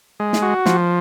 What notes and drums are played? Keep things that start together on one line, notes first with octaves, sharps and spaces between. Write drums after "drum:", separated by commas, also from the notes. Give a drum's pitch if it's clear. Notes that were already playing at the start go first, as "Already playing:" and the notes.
G#3
drum: snare
F#4
F3, drum: snare